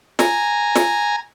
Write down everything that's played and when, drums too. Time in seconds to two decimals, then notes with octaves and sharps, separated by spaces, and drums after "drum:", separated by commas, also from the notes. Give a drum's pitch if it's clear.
0.19 G#5 A#5, drum: snare
0.76 drum: snare